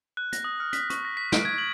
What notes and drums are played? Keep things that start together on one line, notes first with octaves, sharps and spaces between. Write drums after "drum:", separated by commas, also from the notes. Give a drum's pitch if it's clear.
F#6
A#6, drum: hi-hat
D#6
F6
B6, drum: hi-hat
C#6, drum: hi-hat
A#6
B6
D7, drum: snare
G#6
F#7